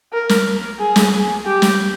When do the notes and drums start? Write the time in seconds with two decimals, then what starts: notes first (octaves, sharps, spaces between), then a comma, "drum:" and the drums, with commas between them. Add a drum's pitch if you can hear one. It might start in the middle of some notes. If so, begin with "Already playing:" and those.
0.13 A#4
0.29 drum: snare
0.79 G#4
0.96 drum: snare
1.46 G4
1.62 drum: snare